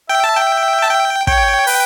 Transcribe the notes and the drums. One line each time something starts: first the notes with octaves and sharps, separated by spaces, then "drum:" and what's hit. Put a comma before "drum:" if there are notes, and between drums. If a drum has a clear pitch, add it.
E5 G5
A5
G5
A5
G5
C#5 G5, drum: kick
B4, drum: open hi-hat